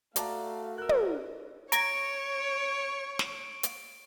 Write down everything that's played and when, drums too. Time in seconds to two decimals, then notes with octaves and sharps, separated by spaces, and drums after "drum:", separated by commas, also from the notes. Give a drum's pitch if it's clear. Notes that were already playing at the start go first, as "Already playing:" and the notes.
0.16 A3 F#4 D5 F5 A5 A#5, drum: hi-hat
0.78 A#4 E6 F#6
0.89 drum: tom
1.72 C#5 A#5 C#6 G#6 D7, drum: hi-hat
3.19 drum: snare
3.63 drum: hi-hat